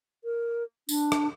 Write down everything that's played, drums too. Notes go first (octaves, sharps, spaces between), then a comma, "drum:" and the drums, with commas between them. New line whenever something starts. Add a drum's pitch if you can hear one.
A#4
D4, drum: tambourine
drum: rim click